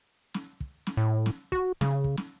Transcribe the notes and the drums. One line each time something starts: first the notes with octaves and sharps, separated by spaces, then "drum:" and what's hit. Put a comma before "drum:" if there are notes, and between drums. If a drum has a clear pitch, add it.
drum: snare
drum: kick
drum: snare
A2
drum: snare
F#4, drum: kick
C#3, drum: snare
drum: kick
drum: snare